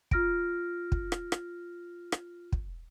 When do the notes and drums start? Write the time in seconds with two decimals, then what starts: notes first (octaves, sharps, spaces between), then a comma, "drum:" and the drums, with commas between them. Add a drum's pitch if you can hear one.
0.11 F4 F6 A#6 D7, drum: kick
0.92 drum: kick
1.12 drum: rim click
1.32 drum: rim click
2.12 drum: rim click
2.52 drum: kick